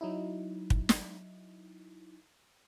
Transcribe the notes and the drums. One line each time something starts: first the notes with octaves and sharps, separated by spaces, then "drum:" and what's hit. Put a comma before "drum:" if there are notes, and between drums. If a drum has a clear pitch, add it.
F#3 D#4 E4
drum: kick
drum: snare